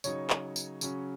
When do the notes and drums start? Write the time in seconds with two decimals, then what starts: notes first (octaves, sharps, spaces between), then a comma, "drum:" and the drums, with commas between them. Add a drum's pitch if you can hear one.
0.04 C#3 F#3 D#4 C#5, drum: tambourine
0.30 drum: clap
0.56 drum: tambourine
0.81 C#3 F#3 C#4, drum: tambourine